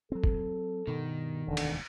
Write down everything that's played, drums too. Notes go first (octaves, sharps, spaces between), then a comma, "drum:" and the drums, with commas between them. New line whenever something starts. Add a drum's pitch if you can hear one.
F#3 C4 A4
drum: kick
G2 B2 D#3
E1 D2 D3
drum: cymbal